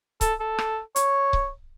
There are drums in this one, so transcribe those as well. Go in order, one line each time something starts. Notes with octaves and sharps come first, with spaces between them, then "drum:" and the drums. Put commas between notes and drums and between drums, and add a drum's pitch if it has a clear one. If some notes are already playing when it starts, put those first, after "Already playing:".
A4, drum: kick C#1, hi-hat
A4
drum: rim click
C#5, drum: hi-hat
drum: kick C#1